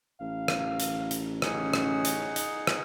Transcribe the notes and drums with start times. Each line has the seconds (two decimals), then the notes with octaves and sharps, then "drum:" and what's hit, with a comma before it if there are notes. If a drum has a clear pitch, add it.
0.20 A1 F5
0.48 drum: rim click
0.80 drum: hi-hat
1.11 drum: hi-hat
1.42 C#4 D#4 G#4 F#5, drum: rim click
1.74 drum: rim click
2.05 drum: hi-hat
2.36 drum: hi-hat
2.67 drum: rim click